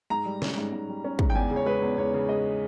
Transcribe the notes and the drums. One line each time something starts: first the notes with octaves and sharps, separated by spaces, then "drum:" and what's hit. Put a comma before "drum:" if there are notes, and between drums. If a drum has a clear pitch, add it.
G#2 A#5
G3
C#4, drum: snare
G#2
G#2
G3
C#4
G#2, drum: kick
G5
E2 G#5
C#3
C#5
G#3 B4
E2
E2 C#5
C#3
G#3 D#5